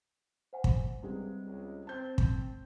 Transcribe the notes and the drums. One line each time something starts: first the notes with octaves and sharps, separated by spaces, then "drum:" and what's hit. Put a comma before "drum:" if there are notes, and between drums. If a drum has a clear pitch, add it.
C5 F#5 G#5
drum: kick
G2 C3 G3 G#3
C#2
C4 A5 G6
drum: kick